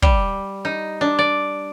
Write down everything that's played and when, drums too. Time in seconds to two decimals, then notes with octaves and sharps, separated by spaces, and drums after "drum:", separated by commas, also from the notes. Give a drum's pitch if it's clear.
0.02 G3, drum: kick
0.65 D#4
1.01 D4
1.19 D5